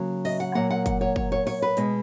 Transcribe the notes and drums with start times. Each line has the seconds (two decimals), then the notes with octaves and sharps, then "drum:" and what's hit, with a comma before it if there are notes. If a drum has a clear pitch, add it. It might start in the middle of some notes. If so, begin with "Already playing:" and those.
Already playing: C#3 F#3 A#3
0.25 D#5, drum: open hi-hat
0.40 F#5
0.55 A#2 F#3 A#3 F#5
0.71 F#5
0.86 F#5, drum: kick F#1, hi-hat
1.01 C#5
1.16 C#5, drum: kick F#1
1.32 C#5
1.47 C#5, drum: open hi-hat
1.62 B4
1.77 B2 G#3, drum: hi-hat